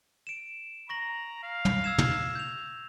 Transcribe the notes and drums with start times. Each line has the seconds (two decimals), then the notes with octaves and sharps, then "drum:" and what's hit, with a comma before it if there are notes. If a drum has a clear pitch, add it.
0.27 D7 E7
0.89 A#5 C#6 A#6 F#7
1.43 F5
1.65 drum: tom
1.84 E6 G#6 E7
1.98 drum: tom
2.35 G6 F7